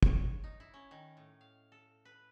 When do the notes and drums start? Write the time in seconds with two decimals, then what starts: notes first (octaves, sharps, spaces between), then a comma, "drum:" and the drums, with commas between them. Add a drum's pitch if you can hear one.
0.03 C#5, drum: kick
0.44 D#4
0.60 E4
0.74 C#4
0.91 D#3
1.17 A2
1.41 F5
1.72 A4
2.05 B4